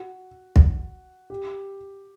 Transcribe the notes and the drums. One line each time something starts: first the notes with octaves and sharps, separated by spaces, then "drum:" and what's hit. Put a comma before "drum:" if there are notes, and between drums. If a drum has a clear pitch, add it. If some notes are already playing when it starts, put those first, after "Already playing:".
Already playing: F#4
drum: kick
G4